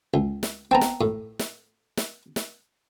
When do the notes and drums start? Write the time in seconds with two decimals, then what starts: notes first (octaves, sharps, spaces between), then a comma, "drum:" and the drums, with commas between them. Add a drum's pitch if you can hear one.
0.14 C#2
0.43 drum: snare
0.71 B3 C4 G5 A5 A#5
0.81 drum: snare
1.01 A2
1.39 drum: snare
1.97 drum: snare
2.36 drum: snare